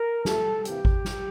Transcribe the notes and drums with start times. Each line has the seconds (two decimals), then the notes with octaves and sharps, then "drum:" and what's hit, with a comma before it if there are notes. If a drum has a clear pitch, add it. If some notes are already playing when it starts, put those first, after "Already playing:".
Already playing: A#4
0.25 G2 F3 A3 A4, drum: snare
0.65 C3 E3 G3 A#3 G4, drum: hi-hat
0.85 drum: kick G#1
1.05 drum: snare